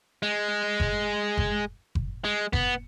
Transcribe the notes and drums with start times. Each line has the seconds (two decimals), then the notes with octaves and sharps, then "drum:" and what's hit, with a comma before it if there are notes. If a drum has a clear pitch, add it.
0.23 G#3
0.80 drum: kick F#1
1.38 drum: kick F#1
1.95 drum: kick F#1
2.24 G#3
2.53 B3, drum: kick F#1